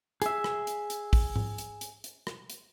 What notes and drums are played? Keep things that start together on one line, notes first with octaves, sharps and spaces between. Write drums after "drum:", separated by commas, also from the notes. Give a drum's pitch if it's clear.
G#4 E5, drum: hi-hat
drum: rim click
drum: hi-hat
drum: hi-hat
drum: kick, open hi-hat
drum: tom G#2
drum: hi-hat
drum: hi-hat
drum: hi-hat
drum: rim click
drum: hi-hat